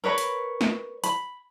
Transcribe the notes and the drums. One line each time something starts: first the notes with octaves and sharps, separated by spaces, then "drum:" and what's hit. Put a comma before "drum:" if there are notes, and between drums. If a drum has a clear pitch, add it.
A#4 B4 C#5 B5
drum: hi-hat
drum: snare
B5, drum: hi-hat